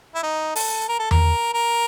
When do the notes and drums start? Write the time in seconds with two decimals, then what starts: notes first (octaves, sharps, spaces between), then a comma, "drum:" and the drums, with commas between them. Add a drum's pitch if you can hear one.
0.15 E4
0.23 D#4
0.56 A4, drum: open hi-hat
0.88 A#4
0.99 A4
1.11 A#4, drum: tom E2
1.54 A#4